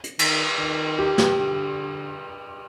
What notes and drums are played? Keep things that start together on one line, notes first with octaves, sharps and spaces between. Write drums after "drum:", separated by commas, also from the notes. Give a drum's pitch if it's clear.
drum: hi-hat
D#3, drum: cymbal
D#3
G4
G4, drum: snare
D3